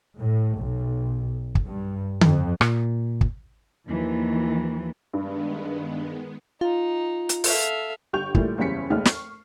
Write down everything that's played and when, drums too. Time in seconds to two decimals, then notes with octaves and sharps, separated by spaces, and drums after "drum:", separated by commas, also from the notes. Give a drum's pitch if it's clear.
0.17 A2
0.59 B1
1.55 drum: kick
1.66 G2
2.21 F2, drum: tom D3
2.61 A#2, drum: rim click
3.21 drum: kick
3.90 D#2 E3 F3
5.13 G2 D#3 G#3 B3
6.61 D#4 F4
7.29 drum: hi-hat
7.44 A4 E5 F5, drum: open hi-hat
8.13 G1 G4 C#6 G6 F7
8.35 A#2 E3 G3 A3, drum: kick
8.58 F#1 E2 G3 C#4 B6 C#7
8.90 F1 D#2 G#3 F6
9.05 C#6 C7, drum: snare